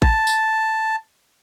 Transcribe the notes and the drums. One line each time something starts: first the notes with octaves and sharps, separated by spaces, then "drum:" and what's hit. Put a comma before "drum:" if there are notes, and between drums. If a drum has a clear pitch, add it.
A5, drum: kick A1
drum: tambourine